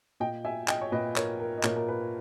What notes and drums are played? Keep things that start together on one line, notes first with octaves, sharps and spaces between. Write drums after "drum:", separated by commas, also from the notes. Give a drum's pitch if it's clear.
A#2 D#5 G5
E5 G#5
D#5 G5, drum: clap
C#5
A#2 B4 D#5
A#4 C#5, drum: clap
A#4
D#5
A#2 A#4 C#5, drum: clap
A#4
B4